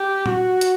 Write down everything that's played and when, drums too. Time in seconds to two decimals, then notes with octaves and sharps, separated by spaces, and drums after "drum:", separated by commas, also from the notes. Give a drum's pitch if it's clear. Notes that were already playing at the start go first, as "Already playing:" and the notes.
Already playing: G4
0.26 F#4, drum: tom
0.61 drum: hi-hat